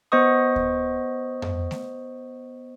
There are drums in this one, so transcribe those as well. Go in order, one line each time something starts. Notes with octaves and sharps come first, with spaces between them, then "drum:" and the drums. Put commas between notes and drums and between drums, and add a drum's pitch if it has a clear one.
B3 C5 D#5 C#6 D#6
drum: kick D2
drum: tom F2
drum: snare A3